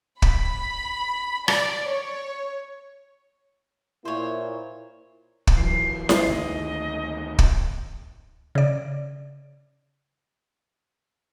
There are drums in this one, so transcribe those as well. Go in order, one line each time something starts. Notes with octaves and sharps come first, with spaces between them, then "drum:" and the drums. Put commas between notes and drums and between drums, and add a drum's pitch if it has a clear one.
B5, drum: kick
D5, drum: rim click
C#5
A#2 A#3 E4 C5 C#5
drum: kick
E3 F#3 C7
G1, drum: snare E4
D2 D#3 G#3 D#5
drum: kick
C#3 D5